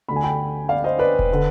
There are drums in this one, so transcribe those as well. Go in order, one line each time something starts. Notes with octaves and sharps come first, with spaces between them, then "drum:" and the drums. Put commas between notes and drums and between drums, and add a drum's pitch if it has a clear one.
D2 D3 B5
G#5
G5 B5
D5 F5
C5 D#5
B4 D5
drum: kick E1
D3